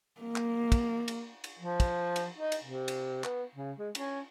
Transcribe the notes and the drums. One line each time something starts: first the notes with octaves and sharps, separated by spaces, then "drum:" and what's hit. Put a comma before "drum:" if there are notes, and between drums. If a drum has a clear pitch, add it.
A#3
drum: clap
drum: kick, cymbal
drum: cymbal
drum: cymbal
F3
drum: kick, cymbal
drum: cymbal
D#4
drum: cymbal
C3
drum: cymbal
B3, drum: clap
C#3
G#3
C#4, drum: cymbal